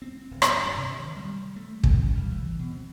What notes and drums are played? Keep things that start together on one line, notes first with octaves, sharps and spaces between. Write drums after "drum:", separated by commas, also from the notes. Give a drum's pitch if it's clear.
C4
D1
drum: rim click
G2
C3
D#3
G3
A3
C#3, drum: kick
G3
E3
B2
C4